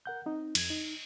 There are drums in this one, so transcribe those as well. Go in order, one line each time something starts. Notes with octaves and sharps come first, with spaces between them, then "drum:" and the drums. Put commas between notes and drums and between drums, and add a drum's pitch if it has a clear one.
A#4 F#5 G6
C4 D#4
F2 G#6, drum: cymbal
D#4